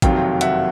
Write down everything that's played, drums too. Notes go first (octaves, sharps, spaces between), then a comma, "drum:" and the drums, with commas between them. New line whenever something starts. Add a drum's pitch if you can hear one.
F#1 F2 C3 D#3 F#3 F5 G5, drum: kick A1, hi-hat
E5 F#5, drum: hi-hat